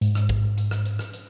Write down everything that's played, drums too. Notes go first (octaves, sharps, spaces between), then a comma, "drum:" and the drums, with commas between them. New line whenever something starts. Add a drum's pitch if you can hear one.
G#2, drum: hi-hat
drum: rim click
drum: kick
drum: hi-hat
drum: rim click
drum: hi-hat
drum: rim click
drum: hi-hat